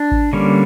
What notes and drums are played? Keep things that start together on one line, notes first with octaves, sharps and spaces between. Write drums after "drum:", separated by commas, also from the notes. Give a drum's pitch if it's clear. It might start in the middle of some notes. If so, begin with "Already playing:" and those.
Already playing: D4
drum: kick G#1
D3 G3 A#3 C#4